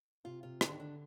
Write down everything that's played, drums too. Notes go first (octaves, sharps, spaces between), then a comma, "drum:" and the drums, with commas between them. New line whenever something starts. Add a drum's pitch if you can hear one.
C3 F4
C3 F4
D3 D4, drum: rim click
D#3
D3 D4